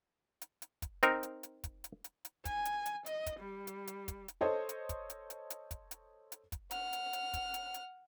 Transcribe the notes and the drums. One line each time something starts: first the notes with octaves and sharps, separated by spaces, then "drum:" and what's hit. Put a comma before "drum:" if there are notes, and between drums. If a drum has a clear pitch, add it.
drum: hi-hat
drum: hi-hat
drum: kick, hi-hat
C4 D#4 A#4, drum: hi-hat
drum: hi-hat
drum: hi-hat
drum: kick, hi-hat
drum: hi-hat
drum: hi-hat
drum: hi-hat
G#5, drum: kick, hi-hat
drum: hi-hat
drum: hi-hat
D#5, drum: hi-hat
drum: kick, hi-hat
G3
drum: hi-hat
drum: hi-hat
drum: kick, hi-hat
drum: hi-hat
A4 C5 C#5 D#5
drum: hi-hat
drum: kick, hi-hat
drum: hi-hat
drum: hi-hat
drum: hi-hat
drum: kick, hi-hat
drum: hi-hat
drum: hi-hat
drum: kick, hi-hat
F#5 F6, drum: hi-hat
drum: hi-hat
drum: hi-hat
drum: kick, hi-hat
drum: hi-hat
drum: hi-hat